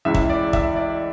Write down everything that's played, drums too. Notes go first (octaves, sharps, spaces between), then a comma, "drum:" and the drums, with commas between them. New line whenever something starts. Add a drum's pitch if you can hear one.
C#2 C#3 E3 E5
drum: kick
D5
E5, drum: kick
D5